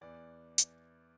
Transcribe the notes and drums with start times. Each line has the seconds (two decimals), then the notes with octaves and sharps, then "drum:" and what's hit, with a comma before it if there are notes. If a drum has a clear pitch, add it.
0.01 E2 E3 D5
0.58 drum: hi-hat